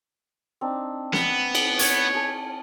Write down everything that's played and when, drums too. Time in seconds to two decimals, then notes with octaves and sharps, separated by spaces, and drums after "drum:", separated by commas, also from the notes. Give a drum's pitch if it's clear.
0.61 C4 D4 D#4
1.13 B3, drum: snare
1.55 drum: cymbal
1.79 C#5, drum: hi-hat
2.14 G#4 A5